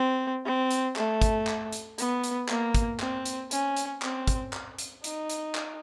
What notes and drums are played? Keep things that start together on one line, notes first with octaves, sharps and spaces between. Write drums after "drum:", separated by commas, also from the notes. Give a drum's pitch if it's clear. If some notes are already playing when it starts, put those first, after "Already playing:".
Already playing: C4
C4
drum: hi-hat
A3, drum: clap
drum: kick, hi-hat
drum: clap
drum: hi-hat
B3, drum: hi-hat
drum: hi-hat
A#3, drum: clap
drum: kick, hi-hat
C4, drum: clap
drum: hi-hat
C#4, drum: hi-hat
drum: hi-hat
C4, drum: clap
drum: kick, hi-hat
drum: clap
drum: hi-hat
D#4, drum: hi-hat
drum: hi-hat
drum: clap